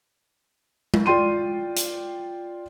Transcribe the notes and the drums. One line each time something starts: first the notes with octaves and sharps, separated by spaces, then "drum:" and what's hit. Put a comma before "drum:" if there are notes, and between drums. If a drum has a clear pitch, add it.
drum: tom G#3
F4 D5 G5 C6 D#7
drum: hi-hat